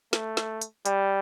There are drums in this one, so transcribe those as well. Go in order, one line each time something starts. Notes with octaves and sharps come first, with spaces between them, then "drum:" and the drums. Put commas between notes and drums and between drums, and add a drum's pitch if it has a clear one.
A3, drum: snare
drum: snare
drum: hi-hat
G3, drum: hi-hat